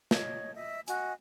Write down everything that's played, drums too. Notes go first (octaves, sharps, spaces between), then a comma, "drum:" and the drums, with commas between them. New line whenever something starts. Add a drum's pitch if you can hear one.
C#5 D#5, drum: snare
D#5 E5
F#4 D#5 G#5, drum: hi-hat